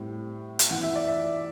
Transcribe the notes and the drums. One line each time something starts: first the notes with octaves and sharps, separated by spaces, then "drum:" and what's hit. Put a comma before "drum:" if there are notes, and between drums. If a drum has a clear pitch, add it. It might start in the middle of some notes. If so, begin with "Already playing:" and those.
Already playing: A2 G3 C4
drum: hi-hat
E3 B3 F#5
E5
D5
E5